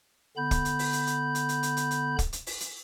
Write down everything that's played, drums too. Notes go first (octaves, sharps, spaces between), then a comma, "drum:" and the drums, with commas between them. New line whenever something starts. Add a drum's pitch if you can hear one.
D3 B3 B5 G6
drum: kick, hi-hat
drum: hi-hat
drum: open hi-hat
drum: hi-hat
drum: hi-hat
drum: hi-hat
drum: hi-hat
drum: hi-hat
drum: hi-hat
drum: hi-hat
drum: kick, hi-hat
drum: hi-hat
drum: open hi-hat
drum: hi-hat